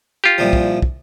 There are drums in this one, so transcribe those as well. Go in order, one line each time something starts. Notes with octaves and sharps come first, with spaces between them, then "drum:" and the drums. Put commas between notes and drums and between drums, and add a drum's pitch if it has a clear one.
F4 G4
C2 A#2 F3
drum: kick
drum: kick